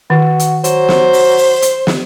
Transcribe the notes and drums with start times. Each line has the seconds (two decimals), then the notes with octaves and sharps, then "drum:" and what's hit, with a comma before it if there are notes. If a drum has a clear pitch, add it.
0.10 D#3 F#4
0.39 drum: hi-hat
0.64 F#3 C5, drum: hi-hat
0.89 drum: snare
1.13 drum: open hi-hat
1.38 drum: open hi-hat
1.62 drum: hi-hat
1.87 drum: snare